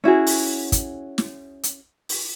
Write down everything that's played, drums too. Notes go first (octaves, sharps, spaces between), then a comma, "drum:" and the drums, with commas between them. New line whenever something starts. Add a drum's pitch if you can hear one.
C#4 E4 F#4 G#4
drum: open hi-hat
drum: kick, hi-hat
drum: snare
drum: hi-hat
drum: open hi-hat